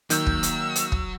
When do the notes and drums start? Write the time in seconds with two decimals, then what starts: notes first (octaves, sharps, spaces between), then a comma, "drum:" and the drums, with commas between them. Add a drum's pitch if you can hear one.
0.10 D#3 F#3 A#3 E6 G6, drum: hi-hat
0.26 drum: kick
0.43 drum: hi-hat
0.76 drum: hi-hat
0.92 drum: kick